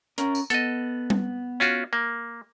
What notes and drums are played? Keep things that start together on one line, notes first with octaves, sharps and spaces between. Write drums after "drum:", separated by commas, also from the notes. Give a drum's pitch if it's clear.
C#4 A#4, drum: hi-hat
drum: tambourine
B3 A4 D#5, drum: hi-hat
drum: tom G3
C#4 F4 F#4
A#3